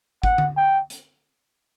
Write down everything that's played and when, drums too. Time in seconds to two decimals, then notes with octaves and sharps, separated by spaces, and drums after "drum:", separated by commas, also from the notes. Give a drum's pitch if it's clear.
0.23 F#5, drum: kick
0.38 drum: tom D3
0.57 G5
0.90 drum: hi-hat